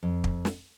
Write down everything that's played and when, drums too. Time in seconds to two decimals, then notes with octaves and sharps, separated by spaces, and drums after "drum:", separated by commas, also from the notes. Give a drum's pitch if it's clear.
0.03 F2
0.24 drum: kick
0.45 drum: snare